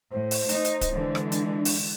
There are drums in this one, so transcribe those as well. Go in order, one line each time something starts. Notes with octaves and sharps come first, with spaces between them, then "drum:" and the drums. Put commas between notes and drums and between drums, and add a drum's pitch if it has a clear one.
A2 C5
drum: open hi-hat
A3 D#4, drum: hi-hat
drum: hi-hat
drum: kick D1, hi-hat
D3 E3 G#3
drum: rim click
D4, drum: hi-hat
drum: open hi-hat